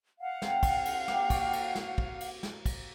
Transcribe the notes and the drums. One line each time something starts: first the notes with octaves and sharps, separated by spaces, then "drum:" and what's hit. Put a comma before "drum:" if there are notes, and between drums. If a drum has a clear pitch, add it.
F5 F#5
C3, drum: snare
drum: kick, cymbal
drum: cymbal
A#3 G4, drum: snare
F#4 G5, drum: kick, cymbal
drum: cymbal
drum: snare
drum: kick
drum: cymbal
drum: snare
drum: kick, cymbal